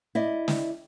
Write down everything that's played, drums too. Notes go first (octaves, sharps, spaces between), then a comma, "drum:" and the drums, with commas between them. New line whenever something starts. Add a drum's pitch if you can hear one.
E4 D5 D#5
drum: snare